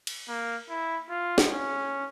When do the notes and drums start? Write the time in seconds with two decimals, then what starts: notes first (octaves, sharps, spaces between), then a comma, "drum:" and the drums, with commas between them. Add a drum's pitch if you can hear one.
0.07 drum: cymbal
0.28 A#3
0.70 E4
1.09 F4
1.38 drum: snare
1.50 C#4